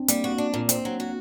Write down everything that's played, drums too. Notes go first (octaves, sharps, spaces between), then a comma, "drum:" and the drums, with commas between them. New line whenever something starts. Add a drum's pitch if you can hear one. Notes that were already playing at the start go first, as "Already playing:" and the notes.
Already playing: C4 D4
G3 A#3, drum: hi-hat
F#4
D4
A#2
C4, drum: hi-hat
F#3
F#4